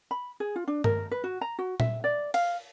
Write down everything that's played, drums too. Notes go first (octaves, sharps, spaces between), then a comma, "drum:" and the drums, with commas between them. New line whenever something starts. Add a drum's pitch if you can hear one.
B5
G#4
F4
D4
A#4, drum: tom G2
B4
F#4
A#5
F#4
E5, drum: tom A#2
D5
F5, drum: cymbal